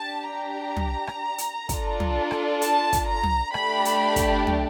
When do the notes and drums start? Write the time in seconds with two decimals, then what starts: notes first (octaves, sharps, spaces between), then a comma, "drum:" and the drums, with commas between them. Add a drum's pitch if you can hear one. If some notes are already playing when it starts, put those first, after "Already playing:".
Already playing: D4 G4 A5
0.30 A#5
0.77 drum: tom
1.07 drum: rim click
1.38 drum: hi-hat
1.69 D4 F4 A4, drum: kick, hi-hat
2.00 drum: tom
2.31 drum: rim click
2.62 A5, drum: hi-hat
2.93 drum: kick, hi-hat
3.08 A#5
3.23 drum: tom
3.54 A3 D4 G4 B5, drum: rim click
3.85 drum: hi-hat
4.16 drum: kick, hi-hat
4.47 drum: tom